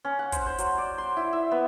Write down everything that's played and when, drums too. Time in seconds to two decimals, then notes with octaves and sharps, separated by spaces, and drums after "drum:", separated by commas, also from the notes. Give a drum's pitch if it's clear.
0.05 C#4
0.19 F#5
0.32 C5, drum: kick, hi-hat
0.46 C5
0.58 F#3, drum: hi-hat
0.78 D5
0.98 C6
1.17 E4
1.33 E5
1.51 B3